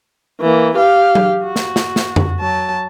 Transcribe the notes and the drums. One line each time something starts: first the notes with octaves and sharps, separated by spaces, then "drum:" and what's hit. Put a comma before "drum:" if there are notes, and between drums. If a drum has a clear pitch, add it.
E3 A#3
G4 F5
drum: tom F#3
F#4
drum: snare
drum: snare
drum: snare
drum: tom F2
F#3 A5